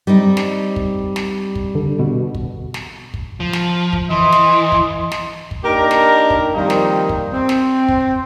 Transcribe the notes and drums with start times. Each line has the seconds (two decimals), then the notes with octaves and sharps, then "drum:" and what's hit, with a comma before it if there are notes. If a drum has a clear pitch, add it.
0.07 G3 C4 D#4
0.37 drum: snare
0.76 drum: kick
1.16 drum: snare
1.55 drum: kick
1.75 D3
1.99 B2
2.35 drum: kick
2.74 drum: snare
3.14 drum: kick
3.40 F3
3.53 drum: snare
3.93 drum: kick
4.10 E3 D#5 C6
4.32 drum: snare
4.72 drum: kick
5.12 drum: snare
5.51 drum: kick
5.64 A#3 D4 D#4 G4 A#4
5.91 drum: snare
6.30 drum: kick
6.55 D#3 F3 G3 A#3 C4 D#4
6.70 drum: snare
7.09 drum: kick
7.33 C4
7.49 drum: snare
7.88 drum: kick